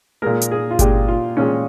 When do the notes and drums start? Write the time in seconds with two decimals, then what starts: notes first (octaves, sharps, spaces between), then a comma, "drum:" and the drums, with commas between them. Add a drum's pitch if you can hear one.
0.22 A#2 G#3 A#4
0.41 drum: hi-hat
0.52 G#4
0.71 F4
0.79 A#2 G#3 G4, drum: kick G1, hi-hat
1.08 F4
1.37 A#2 G#3 C#4